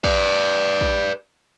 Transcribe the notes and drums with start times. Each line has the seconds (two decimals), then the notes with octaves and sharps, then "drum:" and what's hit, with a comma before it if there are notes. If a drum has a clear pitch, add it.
0.04 B4 D5, drum: kick
0.81 drum: kick